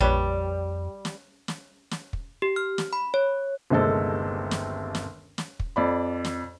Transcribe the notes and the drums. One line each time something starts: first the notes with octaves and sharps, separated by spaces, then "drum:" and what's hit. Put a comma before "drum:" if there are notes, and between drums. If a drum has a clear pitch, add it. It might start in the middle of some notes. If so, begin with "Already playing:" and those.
A#1 F2 G3 B4 C#5
drum: snare
drum: snare
drum: snare
drum: kick
G4
F6
drum: snare
B5
C#5
G1 D#2 C3 G#3 C4 A4
drum: snare
drum: snare
drum: snare
drum: kick
F2 D5 B5
drum: snare